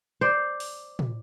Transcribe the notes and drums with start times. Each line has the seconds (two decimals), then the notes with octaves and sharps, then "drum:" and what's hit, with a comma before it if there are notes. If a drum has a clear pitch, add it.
0.21 C5 D5
0.60 drum: open hi-hat
0.99 drum: tom